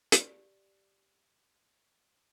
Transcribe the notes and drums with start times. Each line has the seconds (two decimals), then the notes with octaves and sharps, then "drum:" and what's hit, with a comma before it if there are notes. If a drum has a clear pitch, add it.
0.12 G4 D5, drum: hi-hat